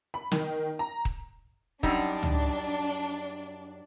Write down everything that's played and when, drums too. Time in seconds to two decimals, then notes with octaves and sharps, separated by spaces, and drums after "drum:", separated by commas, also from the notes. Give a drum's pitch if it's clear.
0.14 B5
0.31 D#3, drum: snare
0.79 A#5
1.05 drum: kick D#1
1.83 F#2 G3 D4 D#4, drum: kick D#1
2.23 drum: tom